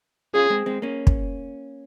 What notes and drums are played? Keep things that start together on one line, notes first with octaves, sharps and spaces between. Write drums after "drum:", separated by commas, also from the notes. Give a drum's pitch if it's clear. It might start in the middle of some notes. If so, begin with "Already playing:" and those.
C#4 F4 G#4
G#3 C4
G#3 C4
A#3 C#4
drum: kick